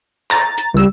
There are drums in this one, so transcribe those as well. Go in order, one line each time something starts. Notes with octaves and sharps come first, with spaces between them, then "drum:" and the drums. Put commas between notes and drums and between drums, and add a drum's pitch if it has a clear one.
A#5 A6, drum: clap
drum: hi-hat
C#2 G3 E6